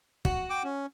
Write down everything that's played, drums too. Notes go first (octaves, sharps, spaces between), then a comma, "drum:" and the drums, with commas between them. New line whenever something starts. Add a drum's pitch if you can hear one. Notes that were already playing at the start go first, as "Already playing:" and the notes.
F#4, drum: kick
G5 D6
C#4